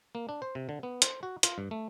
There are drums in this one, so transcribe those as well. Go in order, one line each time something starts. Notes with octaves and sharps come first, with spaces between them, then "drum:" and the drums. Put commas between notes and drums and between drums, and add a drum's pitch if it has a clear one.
A#3
D4
C5
C3
D3
B3
C5, drum: hi-hat
F#4
F4, drum: hi-hat
G2
A3